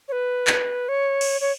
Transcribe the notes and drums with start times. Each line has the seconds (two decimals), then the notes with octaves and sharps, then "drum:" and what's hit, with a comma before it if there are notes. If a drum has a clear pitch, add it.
0.08 C#5
0.12 B4
0.47 drum: clap
0.89 C#5
1.21 drum: cymbal
1.41 C#5